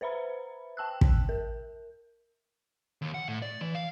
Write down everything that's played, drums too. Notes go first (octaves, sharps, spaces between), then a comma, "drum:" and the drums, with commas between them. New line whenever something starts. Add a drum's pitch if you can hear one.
B4 C5 E5 A#5 B5
G5 A5 E6 F#6
drum: kick
A#4
D#2
F#5
A2
D5
E3
F5